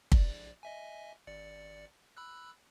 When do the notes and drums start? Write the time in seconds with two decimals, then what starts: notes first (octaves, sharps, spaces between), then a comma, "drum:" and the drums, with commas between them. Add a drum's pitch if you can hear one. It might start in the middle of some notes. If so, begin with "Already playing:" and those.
0.12 A#1 D5, drum: kick
0.63 D#5 E5 G#5
1.27 G#1 D5 C#7
2.17 B5 E6 F#6